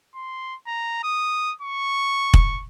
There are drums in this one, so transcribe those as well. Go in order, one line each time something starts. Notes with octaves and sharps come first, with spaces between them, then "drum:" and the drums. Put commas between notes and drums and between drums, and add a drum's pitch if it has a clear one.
C6
A#5
D#6
C#6
drum: kick